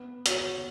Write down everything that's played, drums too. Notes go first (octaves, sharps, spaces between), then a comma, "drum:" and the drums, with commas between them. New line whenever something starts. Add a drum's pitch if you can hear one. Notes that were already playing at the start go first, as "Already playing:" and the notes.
Already playing: B3
F#4 C#5, drum: hi-hat